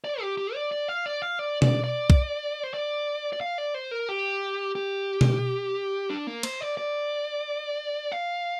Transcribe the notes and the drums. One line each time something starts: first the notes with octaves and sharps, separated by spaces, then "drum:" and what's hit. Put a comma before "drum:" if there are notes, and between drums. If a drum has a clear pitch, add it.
D5
G4
G4
D5
D5
F5
D5
F5
D5
D5, drum: tom B2
D5
drum: kick B1
C5
D5
D5
F5
D5
C5
A#4
G4
G4
drum: tom B2
D4
A#3
C5, drum: cymbal
D5
D5
F5